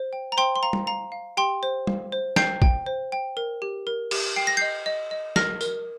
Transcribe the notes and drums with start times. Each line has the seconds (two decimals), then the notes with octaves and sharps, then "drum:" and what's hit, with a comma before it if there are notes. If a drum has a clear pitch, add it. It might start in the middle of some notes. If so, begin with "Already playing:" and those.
Already playing: C5
0.13 G5
0.32 A#5
0.37 C5 G5 C6
0.56 C6
0.63 F5 A#5
0.73 drum: tom
0.87 F5 A#5
1.12 F5
1.37 G4 G5 C6
1.63 C5
1.87 F5, drum: tom
2.12 C5
2.36 G5 G6 C7, drum: snare
2.62 G5, drum: kick A#1
2.86 C5
3.12 G5
3.37 A#4
3.62 G4
3.87 A#4
4.11 G4, drum: cymbal
4.36 G5 C7
4.47 A#6
4.57 D#5 G6 C7
4.86 D#5
5.11 D#5
5.36 A#4 F6 A#6, drum: snare
5.61 A#4, drum: tambourine